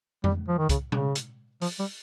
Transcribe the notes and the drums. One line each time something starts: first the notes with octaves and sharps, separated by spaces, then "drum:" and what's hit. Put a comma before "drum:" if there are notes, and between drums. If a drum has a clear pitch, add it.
G3, drum: tom F2
F3
D#3
C#3, drum: kick, hi-hat
C#3, drum: tom B2
drum: hi-hat
F3, drum: open hi-hat
G3